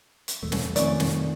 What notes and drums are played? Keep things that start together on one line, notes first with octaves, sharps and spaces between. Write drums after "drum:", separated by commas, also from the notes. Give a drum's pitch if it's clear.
drum: hi-hat
E2 B2 A3
drum: snare
F2 C3 D#3 A3 C#4 D5, drum: hi-hat
drum: snare